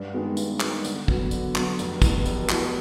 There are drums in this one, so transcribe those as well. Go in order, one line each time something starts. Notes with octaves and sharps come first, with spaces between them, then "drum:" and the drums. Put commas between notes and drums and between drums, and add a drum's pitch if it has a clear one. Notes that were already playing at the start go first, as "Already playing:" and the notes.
Already playing: G2
D#3 G#3 B3
G2, drum: tambourine
D#3 G#3 B3, drum: clap
D3, drum: tambourine
F#3 B3, drum: kick
D3, drum: tambourine
F#3 B3, drum: clap
F1, drum: tambourine
E2 B2, drum: kick, tambourine
F1, drum: tambourine
E2 B2, drum: clap